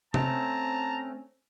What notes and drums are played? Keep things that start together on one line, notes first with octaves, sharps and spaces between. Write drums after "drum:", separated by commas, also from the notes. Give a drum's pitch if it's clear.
A3 C4 C#4 A5 A#5, drum: tom C3